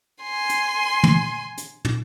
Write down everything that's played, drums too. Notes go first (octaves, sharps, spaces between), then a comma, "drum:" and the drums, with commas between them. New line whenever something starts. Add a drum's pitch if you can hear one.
G#5 C6
drum: hi-hat
drum: tom
drum: hi-hat
drum: tom